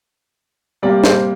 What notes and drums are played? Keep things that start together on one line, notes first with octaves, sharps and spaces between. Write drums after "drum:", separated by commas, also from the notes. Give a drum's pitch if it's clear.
C3 G3 A#3 D5
C5, drum: snare